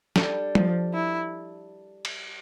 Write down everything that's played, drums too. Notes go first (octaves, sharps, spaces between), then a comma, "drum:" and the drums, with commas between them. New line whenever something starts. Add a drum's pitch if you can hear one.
G3 D4 A4, drum: snare
F3, drum: tom
E4
drum: cymbal